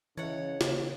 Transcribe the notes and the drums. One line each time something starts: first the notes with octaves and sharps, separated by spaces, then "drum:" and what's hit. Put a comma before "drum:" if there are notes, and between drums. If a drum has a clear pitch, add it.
C#3 E3 E4 C#5 D#5 E5 F#5
C#3 A#3, drum: snare